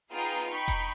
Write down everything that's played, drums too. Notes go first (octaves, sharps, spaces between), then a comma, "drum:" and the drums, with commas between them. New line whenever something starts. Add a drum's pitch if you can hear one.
B3 D#4 F4 G#4 G5 A#5
D#4 G5 B5 C#6
drum: kick F1, hi-hat